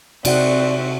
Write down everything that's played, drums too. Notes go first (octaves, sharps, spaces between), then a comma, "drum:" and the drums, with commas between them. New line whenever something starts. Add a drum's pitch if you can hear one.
C3 C4 F#4 D5 E5 F#5, drum: cymbal